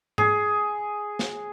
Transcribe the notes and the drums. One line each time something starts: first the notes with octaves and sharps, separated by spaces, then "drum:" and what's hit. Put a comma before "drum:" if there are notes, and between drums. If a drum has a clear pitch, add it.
G#4, drum: tom G#2
drum: snare